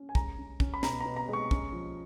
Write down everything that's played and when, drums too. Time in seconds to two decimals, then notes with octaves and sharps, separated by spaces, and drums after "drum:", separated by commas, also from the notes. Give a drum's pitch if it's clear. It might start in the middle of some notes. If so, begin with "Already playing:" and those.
Already playing: C#4
0.09 G#5
0.15 G#3 A#5, drum: kick
0.38 C#4
0.60 C#4, drum: kick
0.74 B5
0.83 B2 A#5, drum: snare
1.01 B2 A#5
1.17 A#5
1.29 G#3 C#6
1.51 C#4, drum: kick
1.73 F3